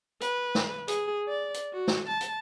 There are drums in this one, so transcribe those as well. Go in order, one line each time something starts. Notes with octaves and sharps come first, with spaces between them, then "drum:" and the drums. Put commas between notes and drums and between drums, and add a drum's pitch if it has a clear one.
B4, drum: hi-hat
drum: snare
G#4, drum: hi-hat
D5
drum: hi-hat
F#4
drum: snare
A5
drum: hi-hat